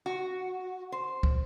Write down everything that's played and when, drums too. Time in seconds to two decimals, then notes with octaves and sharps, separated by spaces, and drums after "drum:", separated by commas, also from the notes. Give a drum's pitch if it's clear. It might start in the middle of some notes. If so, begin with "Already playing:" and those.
0.06 F#4
0.92 C5
1.23 drum: kick